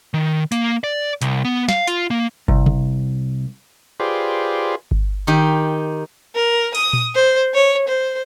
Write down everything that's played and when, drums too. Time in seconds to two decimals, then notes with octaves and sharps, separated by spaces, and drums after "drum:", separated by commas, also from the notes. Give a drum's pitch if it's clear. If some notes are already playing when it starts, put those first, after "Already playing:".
0.14 D#3
0.52 A#3, drum: hi-hat
0.84 D5
1.22 C2, drum: hi-hat
1.45 B3
1.69 F5, drum: snare
1.87 F4, drum: hi-hat
2.11 A#3
2.48 C2, drum: kick G1
2.66 drum: tom C3
4.00 F4 G4 G#4 B4 C5 D5
4.91 drum: kick G1
5.27 D#3 D#4 G4
6.35 A#4
6.75 D#6, drum: cymbal
6.93 drum: tom A#2
7.15 C5
7.54 C#5
7.88 C5